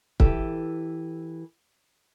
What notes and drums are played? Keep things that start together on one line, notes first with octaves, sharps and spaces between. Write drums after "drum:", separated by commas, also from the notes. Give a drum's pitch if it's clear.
E3 G4 A4, drum: kick